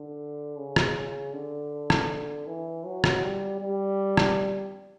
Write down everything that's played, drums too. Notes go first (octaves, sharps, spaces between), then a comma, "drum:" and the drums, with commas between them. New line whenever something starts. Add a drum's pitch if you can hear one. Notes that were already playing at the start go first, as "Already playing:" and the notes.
Already playing: D3
C#3
drum: rim click
D3
drum: rim click
E3
F#3
drum: rim click
G3
G3
drum: rim click